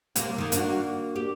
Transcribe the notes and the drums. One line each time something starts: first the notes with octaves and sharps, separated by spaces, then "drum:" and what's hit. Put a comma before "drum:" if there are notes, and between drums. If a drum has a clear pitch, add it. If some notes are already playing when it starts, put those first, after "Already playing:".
C3 A#3 G4, drum: hi-hat
D#3 A#3
A#3 D4 F#4, drum: hi-hat
G4